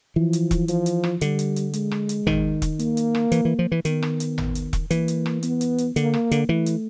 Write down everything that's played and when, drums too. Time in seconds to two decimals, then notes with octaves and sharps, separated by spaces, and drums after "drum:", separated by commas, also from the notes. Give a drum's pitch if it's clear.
0.16 E3 F3
0.33 drum: hi-hat
0.51 drum: kick E1, hi-hat
0.68 F3, drum: hi-hat
0.86 drum: hi-hat
1.04 drum: rim click
1.21 D3 G3, drum: hi-hat
1.39 drum: hi-hat
1.56 drum: hi-hat
1.73 G#3, drum: hi-hat
1.91 drum: rim click
2.09 drum: hi-hat
2.27 D#3, drum: tom G#1
2.62 drum: kick E1, hi-hat
2.79 A#3, drum: hi-hat
2.97 drum: hi-hat
3.15 drum: rim click
3.32 E3, drum: hi-hat
3.45 E3
3.59 F3
3.72 E3
3.85 D#3 B3, drum: hi-hat
4.03 drum: rim click
4.20 drum: hi-hat
4.38 drum: tom G#1
4.55 drum: hi-hat
4.73 drum: kick E1, hi-hat
4.91 E3 A#3, drum: hi-hat
5.08 drum: hi-hat
5.26 drum: rim click
5.43 B3, drum: hi-hat
5.61 drum: hi-hat
5.78 drum: hi-hat
5.96 D3 A#3, drum: hi-hat
6.14 drum: rim click
6.31 D3, drum: hi-hat
6.49 E3 A3
6.66 drum: hi-hat